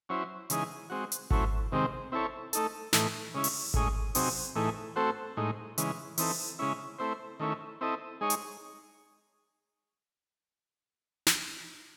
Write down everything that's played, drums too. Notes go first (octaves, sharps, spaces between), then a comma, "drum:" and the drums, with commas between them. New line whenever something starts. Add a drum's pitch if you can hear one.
F#3 C#4 E4 C5
C#3 E3 G#3 D#4 G#4, drum: hi-hat
G#3 C4 F#4
drum: hi-hat
F#3 A3 C#4 E4 C5, drum: kick G#1
C3 D#3 G#3 C4
C4 E4 A4 C#5
A3 D#4 A4, drum: hi-hat
A2 E3 A3 D#4, drum: snare
C#3 G#3 C#4 E4
drum: open hi-hat
A2 G#3 C#4 G#4 D#5, drum: kick G#1
C3 F#3 C4 D#4 G#4, drum: open hi-hat
A2 E3 A3 D#4 G#4
A3 C4 F#4 A4 C5
A2 G#3 D#4
C#3 E3 G#3, drum: hi-hat
E3 C4 D#4 A4, drum: open hi-hat
C#3 G#3 C#4 E4
A3 C4 E4 C5
D#3 A3 C#4 E4
C4 E4 A4 D#5
G#3 D#4 G#4 C#5
drum: hi-hat
drum: snare